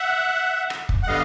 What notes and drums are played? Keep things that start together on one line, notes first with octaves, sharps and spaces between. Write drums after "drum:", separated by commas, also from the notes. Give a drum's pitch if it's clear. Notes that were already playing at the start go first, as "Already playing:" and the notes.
Already playing: E5 F#5
drum: rim click
drum: kick
F#5
D3 G3 B3 D#5 F5